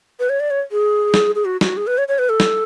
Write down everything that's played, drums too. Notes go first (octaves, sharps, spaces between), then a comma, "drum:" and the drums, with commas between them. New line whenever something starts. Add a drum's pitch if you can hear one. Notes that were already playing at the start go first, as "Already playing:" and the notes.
B4
C#5
D5
C#5
G#4
drum: snare
G#4
F#4
F#4, drum: snare
G#4
B4
C#5
C#5
B4
A4
drum: snare